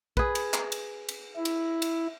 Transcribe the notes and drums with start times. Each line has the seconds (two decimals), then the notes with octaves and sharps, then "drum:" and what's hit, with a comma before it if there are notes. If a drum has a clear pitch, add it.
0.17 G#4 B4, drum: kick
0.35 drum: cymbal
0.54 drum: clap
0.72 drum: cymbal
1.09 drum: cymbal
1.36 E4
1.45 drum: cymbal
1.82 drum: cymbal